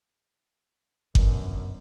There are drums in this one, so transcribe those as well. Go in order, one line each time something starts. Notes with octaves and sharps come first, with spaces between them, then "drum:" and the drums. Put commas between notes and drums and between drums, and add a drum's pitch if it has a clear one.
G1 F#2, drum: kick G1